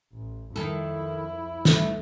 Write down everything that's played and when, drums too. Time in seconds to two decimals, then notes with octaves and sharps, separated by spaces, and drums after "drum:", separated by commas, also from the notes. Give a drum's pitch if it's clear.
0.13 A1
0.56 F2 D#3 E4 A4
1.65 A3, drum: snare